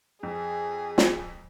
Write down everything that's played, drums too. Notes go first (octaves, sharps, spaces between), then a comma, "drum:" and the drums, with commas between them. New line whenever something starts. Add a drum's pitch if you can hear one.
F2 G#4
drum: snare